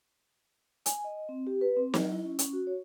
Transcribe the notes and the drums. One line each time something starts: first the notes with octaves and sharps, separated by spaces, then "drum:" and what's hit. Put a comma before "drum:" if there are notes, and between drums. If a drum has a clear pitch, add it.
G#5, drum: hi-hat
D#5
C4
G4
B4
C4
F#3, drum: snare
E4
C#4
C#4, drum: hi-hat
F#4
C#5